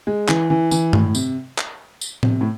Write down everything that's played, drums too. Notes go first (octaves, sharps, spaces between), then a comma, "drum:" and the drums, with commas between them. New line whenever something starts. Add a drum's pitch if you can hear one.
G#3
E3, drum: clap
E3
E3, drum: tambourine
A2, drum: tom G2
C3, drum: tambourine
drum: clap
drum: tambourine
C3, drum: tom A2
A2